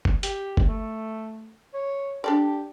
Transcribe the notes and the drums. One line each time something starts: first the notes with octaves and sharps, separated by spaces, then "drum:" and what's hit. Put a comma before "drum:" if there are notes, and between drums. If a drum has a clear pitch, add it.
drum: kick
G4, drum: hi-hat
drum: kick
A3
C#5
D4 G4 A4 D5